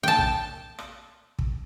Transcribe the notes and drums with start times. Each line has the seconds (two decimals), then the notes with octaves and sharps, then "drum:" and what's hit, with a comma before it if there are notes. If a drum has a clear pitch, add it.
0.03 G5 A5
0.18 drum: kick
0.79 drum: rim click
1.39 drum: kick